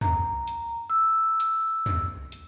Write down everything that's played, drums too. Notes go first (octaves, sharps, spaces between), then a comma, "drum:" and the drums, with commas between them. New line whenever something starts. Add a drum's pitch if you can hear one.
A#5, drum: tom
drum: hi-hat
E6
drum: hi-hat
drum: tom
drum: hi-hat